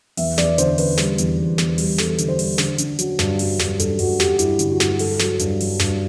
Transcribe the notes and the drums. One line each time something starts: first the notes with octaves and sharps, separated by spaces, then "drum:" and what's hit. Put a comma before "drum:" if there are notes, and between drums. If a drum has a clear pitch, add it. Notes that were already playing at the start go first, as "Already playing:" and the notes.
E2 E5, drum: open hi-hat
E2 D5, drum: snare
D3 C5, drum: hi-hat
D3 B4, drum: open hi-hat
G3, drum: snare
E2, drum: hi-hat
E2
E2, drum: snare
G3, drum: open hi-hat
E2 A4, drum: snare
D3, drum: hi-hat
C5
G3, drum: open hi-hat
D3, drum: snare
D3, drum: hi-hat
F#3, drum: hi-hat
G2, drum: snare
F#3, drum: open hi-hat
G2, drum: snare
G2 A4, drum: hi-hat
G2 F#4, drum: open hi-hat
G2 G4, drum: snare
G2 E4, drum: hi-hat
D3, drum: hi-hat
F#4
G2, drum: snare
F#3 A4, drum: open hi-hat
F#3, drum: snare
G2, drum: hi-hat
F#3, drum: open hi-hat
G2, drum: snare